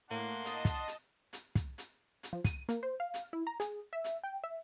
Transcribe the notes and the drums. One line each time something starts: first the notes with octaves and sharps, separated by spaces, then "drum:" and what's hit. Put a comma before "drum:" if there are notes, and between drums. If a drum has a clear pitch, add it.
A2 A#3 D4 F#5 C6
D#5 A5 D#6, drum: hi-hat
drum: kick, hi-hat
drum: hi-hat
drum: hi-hat
drum: kick, hi-hat
drum: hi-hat
drum: hi-hat
F3
D#7, drum: kick, hi-hat
A#3, drum: hi-hat
C5
F5
drum: hi-hat
E4
A#5
G#4, drum: hi-hat
E5
drum: hi-hat
G5
E5